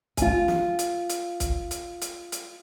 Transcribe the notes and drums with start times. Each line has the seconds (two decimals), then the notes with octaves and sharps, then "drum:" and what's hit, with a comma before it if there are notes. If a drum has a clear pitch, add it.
0.17 F4 G#5, drum: kick, hi-hat
0.48 drum: snare
0.79 drum: hi-hat
1.10 drum: hi-hat
1.40 drum: kick, hi-hat
1.71 drum: hi-hat
2.02 drum: hi-hat
2.32 drum: hi-hat